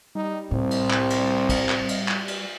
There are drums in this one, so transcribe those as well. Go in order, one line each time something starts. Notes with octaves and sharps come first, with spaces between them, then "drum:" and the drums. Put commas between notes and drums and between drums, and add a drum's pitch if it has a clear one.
G3 D#4
C2 A2 C4
drum: cymbal
drum: clap
drum: cymbal
drum: kick, cymbal
drum: clap
drum: cymbal
drum: clap
drum: cymbal